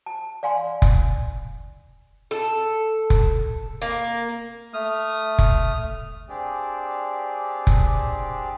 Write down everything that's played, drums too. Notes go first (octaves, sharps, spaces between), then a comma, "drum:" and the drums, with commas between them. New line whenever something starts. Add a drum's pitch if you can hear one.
A5
D5 F5 G#5 C6
drum: kick F1
A4
drum: kick F1
A#3
A3 D#6 F6
drum: kick F1
C4 D4 G4 G#4 D5
drum: kick F1